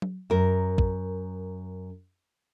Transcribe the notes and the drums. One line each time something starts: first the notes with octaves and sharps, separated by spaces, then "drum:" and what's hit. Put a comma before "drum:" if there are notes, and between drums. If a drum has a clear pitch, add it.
drum: tom F#3
F#2 A#4
drum: kick